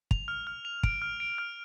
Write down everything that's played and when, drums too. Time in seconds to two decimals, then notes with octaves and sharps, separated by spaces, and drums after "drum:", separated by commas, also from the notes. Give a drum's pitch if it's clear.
0.11 F7, drum: kick
0.28 F6
0.47 F6
0.65 F7
0.83 D7, drum: kick
1.02 F6
1.20 D7
1.38 F6